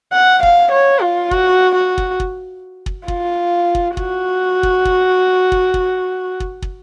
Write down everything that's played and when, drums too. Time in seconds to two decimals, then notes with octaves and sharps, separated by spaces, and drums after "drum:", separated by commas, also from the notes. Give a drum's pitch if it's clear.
0.13 F#5
0.43 F5, drum: kick
0.72 C#5
1.02 F4
1.31 F#4, drum: kick
1.75 F#4
1.98 drum: kick
2.20 drum: kick
2.86 drum: kick
3.08 F4, drum: kick
3.75 drum: kick
3.97 F#4, drum: kick
4.63 drum: kick
4.85 drum: kick
5.52 drum: kick
5.74 drum: kick
6.40 drum: kick
6.62 drum: kick